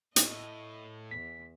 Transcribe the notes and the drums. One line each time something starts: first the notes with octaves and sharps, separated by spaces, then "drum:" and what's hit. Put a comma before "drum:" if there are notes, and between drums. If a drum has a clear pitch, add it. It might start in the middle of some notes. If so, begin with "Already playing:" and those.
A2 D#5, drum: hi-hat
E2 B6